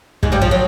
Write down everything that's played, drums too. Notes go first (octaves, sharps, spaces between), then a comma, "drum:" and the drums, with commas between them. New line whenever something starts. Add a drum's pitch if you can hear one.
G#2 G#3, drum: kick
G2 G3
F3
F#3